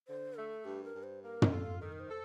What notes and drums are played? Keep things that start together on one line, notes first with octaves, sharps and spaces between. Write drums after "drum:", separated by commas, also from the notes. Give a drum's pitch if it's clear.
D3 C5
A3 A4
G2 G4
A#4
G2
C5
A#3 A#4
drum: tom
F4 A4
D#3 A4
A#4
C5
A4